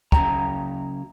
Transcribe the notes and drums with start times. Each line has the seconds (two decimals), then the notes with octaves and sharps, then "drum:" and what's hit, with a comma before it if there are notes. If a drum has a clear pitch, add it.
0.12 C#3 F#3 C#5 G5 A#5, drum: kick